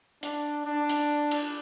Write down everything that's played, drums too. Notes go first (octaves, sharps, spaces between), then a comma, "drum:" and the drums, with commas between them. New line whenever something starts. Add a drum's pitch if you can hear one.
D4, drum: hi-hat
D4
drum: hi-hat
drum: cymbal